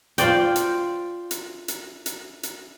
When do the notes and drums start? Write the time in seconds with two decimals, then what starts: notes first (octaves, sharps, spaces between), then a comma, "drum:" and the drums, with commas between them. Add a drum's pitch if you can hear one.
0.18 F4 C5 D5 G5, drum: hi-hat
0.56 drum: hi-hat
1.31 drum: hi-hat
1.68 drum: hi-hat
2.06 drum: hi-hat
2.43 drum: hi-hat